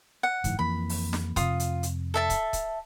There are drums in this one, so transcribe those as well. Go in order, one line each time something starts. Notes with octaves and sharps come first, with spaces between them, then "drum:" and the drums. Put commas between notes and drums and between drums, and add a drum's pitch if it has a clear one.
F#5
F#1 G#2 E3, drum: kick C#1, hi-hat
F2 E3 A#3 B5
drum: open hi-hat
drum: snare
F2 C3 F4 D#6, drum: kick C#1, hi-hat
drum: hi-hat
drum: hi-hat
A4 E5 A5
drum: kick C#1, hi-hat
drum: kick C#1, hi-hat